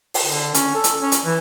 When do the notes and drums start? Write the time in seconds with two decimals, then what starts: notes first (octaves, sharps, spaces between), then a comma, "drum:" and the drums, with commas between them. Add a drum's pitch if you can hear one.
0.14 drum: open hi-hat
0.25 D3
0.54 C#4, drum: hi-hat
0.75 A4
0.84 drum: hi-hat
1.00 C#4
1.12 drum: hi-hat
1.26 E3